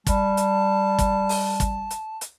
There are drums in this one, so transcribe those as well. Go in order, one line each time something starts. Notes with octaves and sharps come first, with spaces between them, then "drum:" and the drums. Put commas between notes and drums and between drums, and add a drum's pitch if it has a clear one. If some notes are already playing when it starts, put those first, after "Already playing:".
G3 A5, drum: kick, hi-hat
drum: hi-hat
drum: kick, hi-hat
drum: open hi-hat
drum: kick, hi-hat
drum: hi-hat
drum: hi-hat